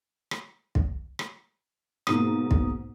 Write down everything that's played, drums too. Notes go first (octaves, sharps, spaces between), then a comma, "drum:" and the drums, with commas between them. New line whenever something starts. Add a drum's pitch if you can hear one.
drum: rim click
drum: kick
drum: rim click
G#2 B2 A#3 D#6, drum: rim click
drum: kick